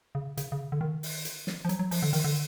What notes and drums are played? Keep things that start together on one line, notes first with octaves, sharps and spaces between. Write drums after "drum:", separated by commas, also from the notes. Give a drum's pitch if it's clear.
C#3
C#3, drum: hi-hat
C#3
D3
D#3
drum: open hi-hat
drum: hi-hat
drum: snare
F3
F#3, drum: hi-hat
F#3
F3, drum: open hi-hat
D3
D#3, drum: open hi-hat
D3